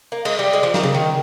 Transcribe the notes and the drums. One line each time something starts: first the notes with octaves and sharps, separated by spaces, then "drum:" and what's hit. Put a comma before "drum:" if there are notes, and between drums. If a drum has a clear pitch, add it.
A#3
G#3, drum: cymbal
G3
G#3
F3
D#3, drum: snare
C#3
D#3